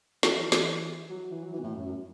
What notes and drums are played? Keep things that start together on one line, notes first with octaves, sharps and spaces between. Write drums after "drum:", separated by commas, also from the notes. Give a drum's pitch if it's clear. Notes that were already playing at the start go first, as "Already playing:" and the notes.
E3, drum: snare
F#3
E3
drum: snare
F#3
E3
F#3
E3
B2
A2
F#2
F#2